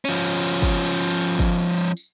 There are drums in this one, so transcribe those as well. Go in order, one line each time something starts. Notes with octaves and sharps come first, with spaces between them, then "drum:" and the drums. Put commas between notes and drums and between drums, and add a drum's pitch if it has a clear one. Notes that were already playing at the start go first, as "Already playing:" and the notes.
F3 C#4, drum: tambourine
drum: tambourine
drum: tambourine
drum: kick, tambourine
drum: tambourine
drum: tambourine
drum: tambourine
drum: kick, tambourine
drum: tambourine
drum: tambourine
drum: tambourine